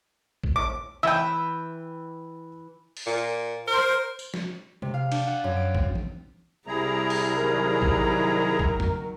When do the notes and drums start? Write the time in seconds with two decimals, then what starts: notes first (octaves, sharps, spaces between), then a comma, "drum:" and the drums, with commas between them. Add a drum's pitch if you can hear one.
0.44 drum: kick A#1
0.56 D6
1.03 E3 E5 G5
2.97 drum: open hi-hat
3.07 A#2
3.67 A#4 C5
4.19 drum: tambourine
4.34 drum: snare
4.82 C3, drum: tom
4.94 F5
5.12 D4, drum: cymbal
5.27 F#5
5.44 F#2
5.57 D7
5.75 C4, drum: kick A#1
5.95 drum: tom
6.67 C2 G3 E4 G#4 A#5
7.10 drum: open hi-hat
7.37 D#3 F#3 A#4
7.82 drum: kick A#1
8.59 drum: kick A#1
8.80 drum: tom